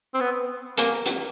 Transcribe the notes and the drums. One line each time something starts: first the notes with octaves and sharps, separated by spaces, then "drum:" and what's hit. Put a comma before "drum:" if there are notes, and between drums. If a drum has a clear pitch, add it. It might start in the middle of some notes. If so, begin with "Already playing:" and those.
C4
B3
A#3, drum: hi-hat
drum: hi-hat